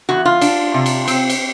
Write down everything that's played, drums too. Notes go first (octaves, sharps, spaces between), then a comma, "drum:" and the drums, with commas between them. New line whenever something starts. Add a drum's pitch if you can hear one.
E2 F#4
F4
D4, drum: cymbal
C3
drum: cymbal
C4, drum: cymbal
drum: cymbal